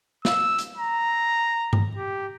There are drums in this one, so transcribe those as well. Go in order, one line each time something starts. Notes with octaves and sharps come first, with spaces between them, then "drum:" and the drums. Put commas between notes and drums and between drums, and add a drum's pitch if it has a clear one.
E6, drum: snare
drum: hi-hat
A#5
drum: tom G2
G4